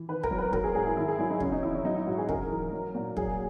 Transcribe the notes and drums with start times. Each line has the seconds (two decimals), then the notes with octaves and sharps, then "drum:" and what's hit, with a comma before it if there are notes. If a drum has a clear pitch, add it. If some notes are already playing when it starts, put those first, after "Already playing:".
Already playing: E3
0.09 D#3 B4
0.23 A#4, drum: kick
0.31 F#3
0.38 B4
0.53 F#3 A#4, drum: kick
0.64 G#4
0.75 G#2 G#4
0.86 E4
0.97 D#3 E4
1.08 G#4
1.19 F#3 E4
1.30 D#4
1.40 C#3 C#4, drum: kick
1.52 D#4
1.63 E3 E4
1.74 C#4
1.85 F#3 D#4
1.96 E4
2.07 G#2 F#4
2.18 G#4
2.29 C#3 A#4, drum: kick
2.51 E3
2.73 F#3
2.95 A#2
3.17 F#3 G#4, drum: kick